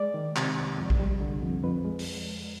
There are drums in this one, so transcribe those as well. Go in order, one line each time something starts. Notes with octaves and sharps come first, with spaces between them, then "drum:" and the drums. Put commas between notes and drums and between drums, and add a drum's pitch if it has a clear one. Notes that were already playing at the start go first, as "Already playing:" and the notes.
Already playing: G#3 D5
D#3
C3, drum: clap
C2
F2
drum: kick A#1
G3
D3
F2
F2 B4
G#3
drum: open hi-hat